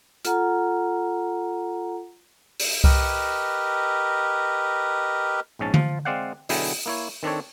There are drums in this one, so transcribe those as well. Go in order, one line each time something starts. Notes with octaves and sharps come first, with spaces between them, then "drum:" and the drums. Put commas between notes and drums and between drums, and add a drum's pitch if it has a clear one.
F4 A4 F#5 A#5, drum: hi-hat
drum: open hi-hat
G4 A#4 B4 D#5, drum: kick C2
A#1 G#2 C#4 A5
F3 F4, drum: tom D3
G#3 C4 D5 F5 F#5
B2 D3 F#3 E4 G#4 G5, drum: open hi-hat
A#3 E4 C#5
D#3 C4 D4 A4 C#5